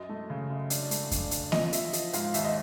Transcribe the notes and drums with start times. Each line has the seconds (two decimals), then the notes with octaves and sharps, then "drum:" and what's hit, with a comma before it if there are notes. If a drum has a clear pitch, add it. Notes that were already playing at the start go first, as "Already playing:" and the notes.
Already playing: F#2 D#5
0.09 A3
0.30 C#3
0.50 F#2
0.70 D4, drum: hi-hat
0.91 A3, drum: hi-hat
1.11 D4, drum: kick F2, hi-hat
1.31 D4, drum: hi-hat
1.52 F3 D#5, drum: snare A#3
1.73 F3 E5, drum: hi-hat
1.93 F3, drum: hi-hat
2.13 G#2 F5, drum: hi-hat
2.34 D#2 E5, drum: hi-hat
2.45 D#5